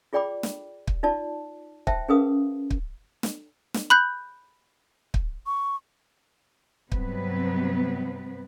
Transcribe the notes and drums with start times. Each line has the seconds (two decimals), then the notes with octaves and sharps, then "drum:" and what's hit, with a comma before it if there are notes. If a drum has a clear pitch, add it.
0.13 F4 G#4 D5 G5 B5 D6
0.43 drum: snare
0.87 drum: kick
1.03 D#4 F4 D5 A5
1.87 C5 E5 G5 A5, drum: kick
2.08 C#4 G#4 A#4 B4 F5 D#6
2.71 drum: kick
3.23 drum: snare
3.74 drum: snare
3.90 B5 F#6 G6
5.14 drum: kick
5.46 C#6
6.92 G2 C3 F#3 B3 C4 B4, drum: kick